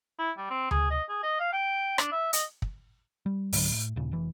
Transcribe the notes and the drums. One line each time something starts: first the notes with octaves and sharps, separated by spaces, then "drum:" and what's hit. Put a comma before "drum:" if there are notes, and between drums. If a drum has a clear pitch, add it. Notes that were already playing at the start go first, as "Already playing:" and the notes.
E4
G3
C4
G#4, drum: tom D2
D#5
G#4
D#5
F5
G5
D4, drum: rim click
E5
D#5, drum: hi-hat
drum: kick
G3
C#2 G#2 D3 F#3, drum: open hi-hat
A2
D#2 A#2 C#3
F1 E3